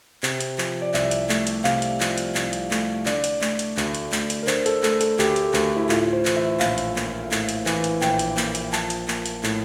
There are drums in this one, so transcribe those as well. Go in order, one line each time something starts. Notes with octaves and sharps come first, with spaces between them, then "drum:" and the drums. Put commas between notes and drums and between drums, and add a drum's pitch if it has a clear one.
C3, drum: clap
drum: hi-hat
F3, drum: clap
D5
C2 E5, drum: clap
drum: hi-hat
A3, drum: clap
drum: hi-hat
C3 F5, drum: clap
drum: hi-hat
F3, drum: clap
drum: hi-hat
C2, drum: clap
drum: hi-hat
A3, drum: clap
D3 D5, drum: clap
drum: hi-hat
A3, drum: clap
drum: hi-hat
D2, drum: clap
drum: hi-hat
D2, drum: clap
drum: hi-hat
A#4
D3 C5, drum: clap
A4, drum: hi-hat
A3 A4, drum: clap
A4, drum: hi-hat
D2 G4, drum: clap
drum: hi-hat
D2, drum: clap
E4
A2 F4, drum: clap
C5
E3, drum: clap
E5
A#1 F5, drum: clap
drum: hi-hat
A#3, drum: clap
A2, drum: clap
drum: hi-hat
E3, drum: clap
drum: hi-hat
A#1 G5, drum: clap
drum: hi-hat
A#3, drum: clap
drum: hi-hat
F3 A5, drum: clap
drum: hi-hat
A#3, drum: clap
drum: hi-hat
A2, drum: clap